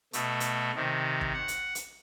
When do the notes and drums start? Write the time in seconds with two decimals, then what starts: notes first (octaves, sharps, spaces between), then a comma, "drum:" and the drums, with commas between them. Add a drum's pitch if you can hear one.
0.13 B2 A3, drum: hi-hat
0.40 drum: hi-hat
0.75 C3 D#3
1.21 drum: kick
1.34 F#5
1.48 drum: hi-hat
1.75 drum: hi-hat